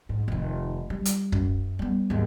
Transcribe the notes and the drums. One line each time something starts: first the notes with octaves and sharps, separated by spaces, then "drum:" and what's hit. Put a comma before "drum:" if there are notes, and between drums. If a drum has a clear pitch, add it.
G#2
F1 D#3
G3
drum: hi-hat
F#2, drum: kick
G3 B3
D#2 G#2